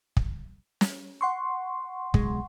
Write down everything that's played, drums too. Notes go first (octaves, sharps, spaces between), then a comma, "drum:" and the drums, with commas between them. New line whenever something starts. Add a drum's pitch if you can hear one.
drum: kick
drum: snare
F#5 C6 C#6
B1 G#3, drum: kick